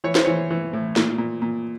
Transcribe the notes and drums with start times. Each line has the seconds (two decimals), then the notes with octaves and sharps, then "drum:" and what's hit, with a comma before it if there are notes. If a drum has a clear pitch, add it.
0.04 E3 C#5
0.15 C5, drum: snare
0.25 E3 C#5
0.51 E3
0.73 A2
0.96 A#2, drum: snare
1.18 A#2
1.42 A#2